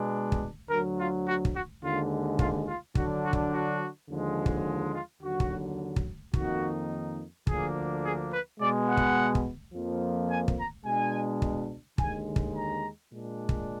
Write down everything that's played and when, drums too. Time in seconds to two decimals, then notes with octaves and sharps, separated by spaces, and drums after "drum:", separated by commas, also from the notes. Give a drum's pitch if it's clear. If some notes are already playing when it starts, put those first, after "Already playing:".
Already playing: B2 G#3 B3 D4
0.32 drum: kick
0.70 D2 D3 F#3 A#4
0.98 F4
1.27 F#4
1.45 drum: kick
1.54 F#4
1.82 D#2 D3 G#3 F4
2.39 F4, drum: kick
2.67 F4
2.95 D3 F#3 D4 F#4, drum: kick
3.23 F#4
3.33 drum: kick
3.52 F#4
4.08 D#2 D3 F3 G#3
4.46 drum: kick
4.65 G#4
4.93 F4
5.21 D#2 D3 F#3 F#4
5.40 drum: kick
5.96 drum: kick
6.34 F2 D#3 A#3 D#4 F#4, drum: kick
7.47 D2 D3 F3 A#3 D4 G#4, drum: kick
8.03 G#4
8.32 B4
8.60 B2 G#3 B3 D5
8.88 F#5
8.97 drum: kick
9.35 drum: kick
9.73 F2 F3 A#3
10.29 G#5
10.48 drum: kick
10.57 A#5
10.85 B2 G#3 D4 G#5
11.42 drum: kick
11.98 D#2 D3 G#3 G#5, drum: kick
12.36 drum: kick
12.55 A#5
13.11 A#2 G#3 D4
13.49 drum: kick